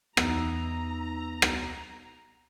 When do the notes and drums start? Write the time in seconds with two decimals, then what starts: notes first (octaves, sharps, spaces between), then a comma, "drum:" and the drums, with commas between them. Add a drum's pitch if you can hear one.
0.17 E2 B3 D#4 A#5 E6, drum: rim click
1.42 drum: rim click